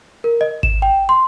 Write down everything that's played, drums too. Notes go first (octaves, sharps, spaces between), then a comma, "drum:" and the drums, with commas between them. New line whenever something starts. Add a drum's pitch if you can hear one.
A#4
D#5
E7, drum: kick G#1
G5
C6